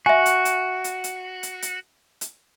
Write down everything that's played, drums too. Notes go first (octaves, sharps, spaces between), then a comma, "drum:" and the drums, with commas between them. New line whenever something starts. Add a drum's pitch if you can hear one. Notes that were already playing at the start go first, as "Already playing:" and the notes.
F#4 E5 G#5
drum: hi-hat
drum: hi-hat
drum: hi-hat
drum: hi-hat
drum: hi-hat
drum: hi-hat
drum: hi-hat